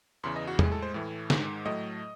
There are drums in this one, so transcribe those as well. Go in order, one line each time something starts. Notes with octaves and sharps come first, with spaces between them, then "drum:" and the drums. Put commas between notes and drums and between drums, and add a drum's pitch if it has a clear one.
E2 C#3 E3 C6
D#5
F#4
A2 G#3 G#4, drum: tom
A4
C5
A2 E3 A3
G#2 D#3 G#3, drum: snare
A2 F#3 A3 D#5